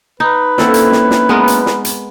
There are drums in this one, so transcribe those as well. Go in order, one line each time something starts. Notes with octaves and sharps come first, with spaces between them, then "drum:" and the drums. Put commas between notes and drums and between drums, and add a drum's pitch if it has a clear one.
D#4 B4
A#3 C4 C#4 E4 A4 F#5, drum: snare
drum: hi-hat
drum: snare
drum: snare
G#3 B3 A#4
drum: hi-hat
drum: snare
drum: hi-hat